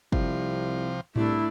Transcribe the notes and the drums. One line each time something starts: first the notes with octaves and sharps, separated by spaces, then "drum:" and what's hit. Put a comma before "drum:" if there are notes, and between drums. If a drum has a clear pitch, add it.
C2 C3 F3, drum: kick
C2 A3 D4 E4, drum: tom A2